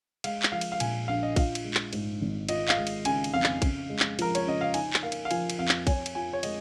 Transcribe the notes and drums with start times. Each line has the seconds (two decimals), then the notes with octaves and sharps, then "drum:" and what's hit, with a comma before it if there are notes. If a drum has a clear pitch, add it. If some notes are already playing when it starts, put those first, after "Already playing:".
0.24 G#3 F5, drum: cymbal
0.43 drum: clap
0.52 F3 F5
0.61 drum: cymbal
0.72 F5
0.80 A#2 G#5, drum: cymbal
1.08 A#1 F5
1.23 D#5
1.36 F4 F5, drum: kick A#1, cymbal
1.55 drum: cymbal
1.64 G#3
1.74 drum: clap
1.93 G#2, drum: cymbal
2.21 G#1
2.49 F4 D#5, drum: cymbal
2.68 F5, drum: clap
2.77 G#3
2.87 drum: cymbal
3.05 C#3 G#5, drum: cymbal
3.24 drum: cymbal
3.33 F2 F5
3.43 drum: clap
3.62 C#3, drum: kick A#1, cymbal
3.90 G#3
3.99 drum: clap
4.19 F3 A#4, drum: cymbal
4.35 C#5, drum: cymbal
4.46 C#3 D#5
4.61 F5
4.74 D#4 G#5, drum: cymbal
4.93 drum: clap
5.03 A#3 F5
5.12 drum: cymbal
5.25 F5
5.31 F3 G#5, drum: cymbal
5.50 drum: cymbal
5.59 F2 F5
5.68 drum: clap
5.87 C#5 G#5, drum: kick A#1, cymbal
6.06 drum: cymbal
6.15 F4 G#5
6.33 C#5
6.43 G#3 D#5, drum: cymbal